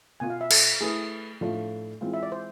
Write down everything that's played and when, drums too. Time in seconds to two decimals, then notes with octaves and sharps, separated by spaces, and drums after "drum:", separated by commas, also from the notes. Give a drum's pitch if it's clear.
0.20 B2 B3 F4 G#5
0.30 F5
0.41 E5
0.51 A4, drum: cymbal
0.81 A3 E4 G#4 B4
1.41 A2 F3 A3 D4 F4
2.01 E3 G#3 C4 F4
2.14 E5
2.23 D5
2.32 C5